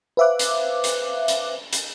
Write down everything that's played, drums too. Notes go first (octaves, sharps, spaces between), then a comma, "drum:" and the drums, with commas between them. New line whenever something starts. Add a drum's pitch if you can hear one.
B4 C5 E5 F5 D6 F#6
drum: hi-hat
drum: hi-hat
drum: hi-hat
drum: hi-hat